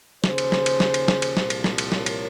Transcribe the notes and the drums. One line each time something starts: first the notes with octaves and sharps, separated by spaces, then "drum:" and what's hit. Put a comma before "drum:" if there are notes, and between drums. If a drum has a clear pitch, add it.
D#2 C#3 F3 G#4 C5, drum: snare
drum: cymbal
drum: snare
drum: cymbal
drum: snare
drum: cymbal
drum: snare
drum: cymbal
C2 A#2 F3, drum: snare
drum: cymbal
drum: snare
drum: cymbal
A#4 C#5, drum: snare
drum: cymbal